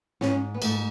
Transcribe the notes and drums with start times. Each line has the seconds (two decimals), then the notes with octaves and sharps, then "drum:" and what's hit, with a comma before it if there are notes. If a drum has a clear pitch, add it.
0.21 G#2 C#4, drum: snare
0.54 B3
0.62 G#2 A3, drum: cymbal